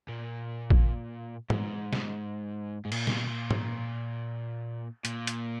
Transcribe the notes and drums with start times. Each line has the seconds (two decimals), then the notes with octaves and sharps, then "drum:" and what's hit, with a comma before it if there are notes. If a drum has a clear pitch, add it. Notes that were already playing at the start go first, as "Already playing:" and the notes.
0.08 A#2
0.70 drum: kick A1
1.50 G#2, drum: tom
1.93 drum: snare
2.85 G#2
2.92 A#2, drum: cymbal
3.07 drum: snare
3.17 B2
3.28 A#2
3.51 drum: tom
5.05 A#2, drum: hi-hat
5.27 drum: hi-hat